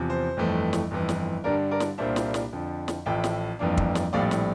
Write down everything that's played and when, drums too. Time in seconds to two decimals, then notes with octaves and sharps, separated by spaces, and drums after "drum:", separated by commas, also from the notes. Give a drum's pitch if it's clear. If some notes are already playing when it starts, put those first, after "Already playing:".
Already playing: E2 C3 F3
0.10 C5
0.37 G1 F2 E3 A3
0.73 drum: snare
0.91 G1 F2 E3
1.09 drum: snare
1.44 G2 D3 G3 D4 A#4 D5
1.71 A#4 D5
1.80 drum: snare
1.98 C2 A#2 G3 A#3 D4 C5 E5
2.16 drum: snare
2.34 drum: snare
2.53 F2 D3 F3
2.88 drum: snare
3.06 A1 A2 F3 E5 G5
3.24 drum: snare
3.59 G1 F2 E3 A#3 D4
3.77 drum: kick
3.95 drum: snare
4.13 A#1 A2 G3 C4 D5 F5
4.31 drum: snare